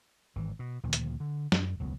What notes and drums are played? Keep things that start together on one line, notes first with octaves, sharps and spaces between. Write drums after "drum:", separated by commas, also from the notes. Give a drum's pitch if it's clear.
G#1 E3
B2
D2 A#2 D#3 F3
drum: hi-hat
D3
F#2, drum: snare
E1 C#2 F#3 B3